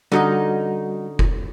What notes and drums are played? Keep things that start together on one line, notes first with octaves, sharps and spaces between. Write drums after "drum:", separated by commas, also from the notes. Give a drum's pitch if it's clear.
D3 G3 C#4 D#4 F#4 D#5
drum: kick F1